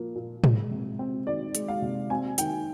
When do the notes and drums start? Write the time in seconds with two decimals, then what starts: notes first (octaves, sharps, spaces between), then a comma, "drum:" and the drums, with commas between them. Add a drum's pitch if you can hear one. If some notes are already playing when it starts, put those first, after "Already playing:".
Already playing: A#2 F3 A#3
0.16 A#2
0.44 G#3, drum: tom
0.71 C3
0.99 C4
1.27 D#3 D5
1.55 G#3, drum: hi-hat
1.68 F5
1.82 C3
2.10 C4 G#5
2.38 D#3 G5, drum: hi-hat